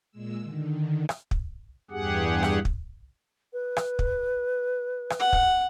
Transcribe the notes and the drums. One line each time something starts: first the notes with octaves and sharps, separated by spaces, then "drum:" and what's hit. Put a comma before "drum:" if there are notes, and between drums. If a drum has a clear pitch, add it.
A#2 G#3 E6
D3 D#3
drum: rim click
drum: kick
E2 G2 G4 G#4 F#5
drum: rim click
drum: kick
B4
drum: rim click
drum: kick
drum: rim click
F#5
drum: kick